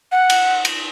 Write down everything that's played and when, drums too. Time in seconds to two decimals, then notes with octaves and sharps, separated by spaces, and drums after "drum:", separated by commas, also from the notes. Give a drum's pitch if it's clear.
0.12 F#5
0.30 drum: cymbal
0.65 drum: cymbal